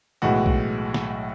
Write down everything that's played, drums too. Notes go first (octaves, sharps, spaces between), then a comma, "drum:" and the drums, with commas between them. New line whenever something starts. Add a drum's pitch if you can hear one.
B1 A2 E3 G#3 F#4
drum: kick A#1
drum: snare